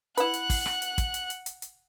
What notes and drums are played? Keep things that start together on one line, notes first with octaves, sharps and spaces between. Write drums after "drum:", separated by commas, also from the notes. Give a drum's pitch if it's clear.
E4 B4 F#5 F#6, drum: hi-hat
drum: hi-hat
drum: kick, open hi-hat
drum: rim click
drum: hi-hat
drum: kick, hi-hat
drum: hi-hat
drum: hi-hat
drum: hi-hat
drum: hi-hat